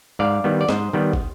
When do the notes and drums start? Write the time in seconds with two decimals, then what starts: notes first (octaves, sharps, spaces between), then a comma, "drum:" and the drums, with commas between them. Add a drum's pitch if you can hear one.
0.19 G#2 D5 F5
0.44 D#3 G3 B3
0.61 D5
0.69 G#2 C5 D#5, drum: snare
0.93 D#3 G3 B3
1.13 drum: kick